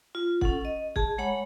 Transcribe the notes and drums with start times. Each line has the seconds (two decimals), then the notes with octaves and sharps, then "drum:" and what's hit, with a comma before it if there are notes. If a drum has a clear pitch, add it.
0.15 F4
0.41 C#4 A4 F#5, drum: kick
0.65 D#5
0.96 G#4 A5, drum: kick
1.18 G#3 C#5 F#5 A#5 B5